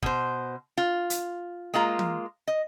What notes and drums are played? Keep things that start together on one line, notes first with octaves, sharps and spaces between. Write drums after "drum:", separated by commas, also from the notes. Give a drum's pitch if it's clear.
B2 C5, drum: kick
F4
drum: hi-hat
G#3 A#3 F4 A#5
drum: tom E3
D#5